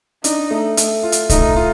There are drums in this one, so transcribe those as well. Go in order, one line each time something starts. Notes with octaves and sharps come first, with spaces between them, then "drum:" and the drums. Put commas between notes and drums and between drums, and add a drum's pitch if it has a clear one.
D4 D#4, drum: hi-hat
A3
A3, drum: hi-hat
F4
drum: hi-hat
A3 D#4, drum: kick, hi-hat
F4